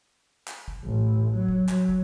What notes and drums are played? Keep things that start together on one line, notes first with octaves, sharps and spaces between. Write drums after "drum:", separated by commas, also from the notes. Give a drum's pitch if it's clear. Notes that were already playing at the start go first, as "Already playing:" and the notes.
drum: clap
drum: kick
A1
F#3
drum: kick
F#3, drum: clap
drum: kick